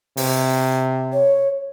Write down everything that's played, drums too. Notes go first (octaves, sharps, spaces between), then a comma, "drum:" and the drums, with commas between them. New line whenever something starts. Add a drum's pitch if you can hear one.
C3, drum: open hi-hat
C#5